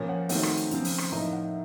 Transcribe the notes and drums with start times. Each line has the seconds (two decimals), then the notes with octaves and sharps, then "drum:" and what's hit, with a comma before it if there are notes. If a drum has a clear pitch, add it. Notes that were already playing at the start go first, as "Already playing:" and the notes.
Already playing: A#2 F3 A#3 C#4
0.09 F#5
0.29 D#3 F#3 A3 C4 F#5, drum: open hi-hat
0.43 drum: rim click
0.57 drum: hi-hat
0.71 C#3 F3 C4, drum: hi-hat
0.85 drum: open hi-hat
0.98 drum: rim click
1.12 A2 F3 A#3 D#4 A#5
1.33 F#5